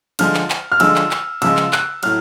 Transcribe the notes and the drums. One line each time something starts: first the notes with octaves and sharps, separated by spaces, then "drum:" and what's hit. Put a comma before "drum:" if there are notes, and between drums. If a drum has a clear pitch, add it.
D3 F3 G#3 F6, drum: cymbal
drum: clap
drum: clap
F6
D3 F3 G#3 E6, drum: cymbal
drum: clap
drum: clap
C#3 F3 G#3 E6, drum: cymbal
drum: clap
F#6, drum: clap
A2 F#3 F6, drum: cymbal